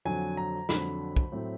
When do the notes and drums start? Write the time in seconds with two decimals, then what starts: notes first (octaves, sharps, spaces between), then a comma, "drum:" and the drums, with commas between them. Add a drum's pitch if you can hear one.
0.05 F2 D3 F#3 G#5
0.37 A#5
0.69 F2 D3 F#3 B5, drum: snare
1.16 drum: kick
1.32 A2 F#3 A3 C4